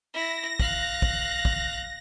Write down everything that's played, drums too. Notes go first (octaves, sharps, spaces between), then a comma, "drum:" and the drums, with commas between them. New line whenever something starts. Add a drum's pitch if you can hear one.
E4 A#6
F5 F#6, drum: kick
drum: kick
drum: kick